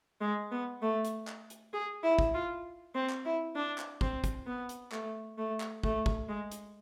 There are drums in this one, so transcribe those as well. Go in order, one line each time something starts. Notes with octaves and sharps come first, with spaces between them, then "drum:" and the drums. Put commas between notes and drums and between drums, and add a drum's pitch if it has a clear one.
G#3
B3
A3
drum: hi-hat
drum: clap
drum: hi-hat
G#4
E4
drum: kick
F4
C4
drum: clap
E4
D4
drum: clap
C4, drum: kick
drum: kick, hi-hat
B3
drum: hi-hat
A3, drum: clap
A3
drum: clap
A3, drum: kick
drum: kick
G#3
drum: hi-hat